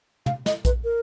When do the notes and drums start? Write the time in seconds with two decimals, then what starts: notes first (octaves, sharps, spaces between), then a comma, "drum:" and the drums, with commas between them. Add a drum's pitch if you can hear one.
0.26 F5, drum: tom
0.46 D#5, drum: snare
0.65 B4, drum: kick A#1, hi-hat
0.84 A#4